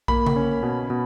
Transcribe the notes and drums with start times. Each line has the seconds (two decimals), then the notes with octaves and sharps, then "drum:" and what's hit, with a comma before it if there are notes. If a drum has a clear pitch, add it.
0.08 A#3 B5, drum: kick A#1
0.26 drum: tom C#3
0.36 C#4
0.63 B2
0.90 B2